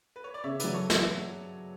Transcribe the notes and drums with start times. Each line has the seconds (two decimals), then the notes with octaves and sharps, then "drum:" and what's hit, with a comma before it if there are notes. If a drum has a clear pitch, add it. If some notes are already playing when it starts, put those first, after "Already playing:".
0.16 B4
0.24 C#5
0.34 D5
0.44 C#3 C#5 E5
0.60 F#3 B4 D5, drum: hi-hat
0.74 A4 C#5
0.90 C#5 E5, drum: snare